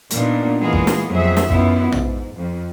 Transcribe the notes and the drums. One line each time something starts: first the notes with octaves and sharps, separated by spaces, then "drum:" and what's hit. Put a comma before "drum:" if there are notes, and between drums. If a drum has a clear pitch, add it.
A#2 B3 D4 D#4, drum: hi-hat
E3 G#3 A#3 B3 F4 G#4
drum: kick
drum: snare
F2 F#3 G#4 E5
drum: snare
F#2 D#3 B3 E4 F4, drum: kick
G#2, drum: tom A#1
F2